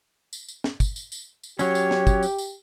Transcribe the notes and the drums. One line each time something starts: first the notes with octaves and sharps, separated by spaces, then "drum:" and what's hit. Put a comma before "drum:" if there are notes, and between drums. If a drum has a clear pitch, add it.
drum: tambourine
drum: tambourine
drum: snare
drum: kick, tambourine
drum: tambourine
drum: tambourine
drum: tambourine
F#3 C#4 G4 C#5, drum: tambourine
drum: tambourine
drum: snare
drum: kick, tambourine
drum: tambourine
drum: tambourine